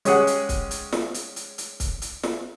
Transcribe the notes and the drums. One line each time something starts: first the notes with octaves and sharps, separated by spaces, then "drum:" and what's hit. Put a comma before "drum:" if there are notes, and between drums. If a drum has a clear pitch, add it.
G#3 C#4 G4 G#4 F#5, drum: hi-hat
drum: hi-hat
drum: kick, hi-hat
drum: hi-hat
drum: snare
drum: hi-hat
drum: hi-hat
drum: hi-hat
drum: kick, hi-hat
drum: hi-hat
drum: snare